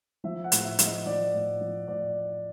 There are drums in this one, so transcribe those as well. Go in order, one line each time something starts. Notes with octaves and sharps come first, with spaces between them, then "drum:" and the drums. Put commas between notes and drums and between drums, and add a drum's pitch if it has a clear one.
F3 E5
F#5
A2, drum: hi-hat
E5
F3, drum: hi-hat
D#5
F3 D5
A2
F3
A2 D5